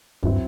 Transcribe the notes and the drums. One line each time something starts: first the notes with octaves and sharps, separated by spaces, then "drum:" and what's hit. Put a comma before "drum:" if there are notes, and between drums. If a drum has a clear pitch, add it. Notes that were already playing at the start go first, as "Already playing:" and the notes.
G2 F#3 C4 E4, drum: kick D2